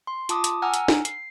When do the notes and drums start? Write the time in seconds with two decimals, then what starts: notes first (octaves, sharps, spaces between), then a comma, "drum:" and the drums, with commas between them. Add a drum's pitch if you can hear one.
0.07 C6
0.29 F4 A5 D6 D#6, drum: hi-hat
0.44 drum: hi-hat
0.62 F#5 G#5 A#5 E6 F6
0.74 drum: hi-hat
0.88 drum: snare
1.05 C7, drum: hi-hat